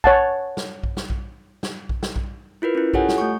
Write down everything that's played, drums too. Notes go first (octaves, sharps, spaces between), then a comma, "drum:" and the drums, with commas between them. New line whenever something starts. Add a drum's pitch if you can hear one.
C#5 F#5 A5, drum: kick A#1
drum: snare
drum: kick A#1
drum: snare
drum: kick A#1
drum: snare
drum: kick A#1
drum: snare
drum: kick A#1
E4 F4 A#4 B4
C#4 E4
F4 G4 A4 C#5 F#5 G#5, drum: kick A#1
drum: snare
A3 C#6